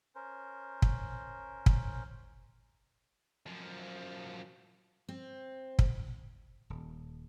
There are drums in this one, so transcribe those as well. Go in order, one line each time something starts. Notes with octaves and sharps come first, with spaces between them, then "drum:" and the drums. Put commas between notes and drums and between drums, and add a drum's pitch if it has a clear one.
C#4 A#4 C5
drum: kick
drum: kick
F#2 F3
C4
drum: kick
D#1